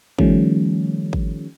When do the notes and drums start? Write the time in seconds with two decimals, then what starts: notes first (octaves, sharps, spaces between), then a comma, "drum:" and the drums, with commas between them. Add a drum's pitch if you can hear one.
0.19 D#3 F3 G3 A3 C#4, drum: kick G#1
1.13 drum: kick G#1